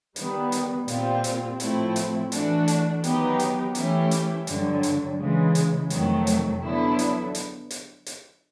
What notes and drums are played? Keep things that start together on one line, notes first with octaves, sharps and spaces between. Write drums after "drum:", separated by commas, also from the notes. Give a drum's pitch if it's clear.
D#3 G3 B3, drum: hi-hat
drum: hi-hat
A#2 G3 C4 F4, drum: hi-hat
drum: hi-hat
A2 F3 A3 C4 E4, drum: hi-hat
drum: hi-hat
E3 A3 D4 F#4, drum: hi-hat
drum: hi-hat
D#3 F#3 B3 D#4 G4, drum: hi-hat
drum: hi-hat
E3 A3 C#4 E4 G4, drum: hi-hat
drum: hi-hat
G2 D3 F#3, drum: hi-hat
drum: hi-hat
C#3 E3 G#3
drum: hi-hat
F2 C3 D#3 F#3 A3, drum: hi-hat
drum: hi-hat
D3 F#3 B3 E4 A4
drum: hi-hat
drum: hi-hat
drum: hi-hat
drum: hi-hat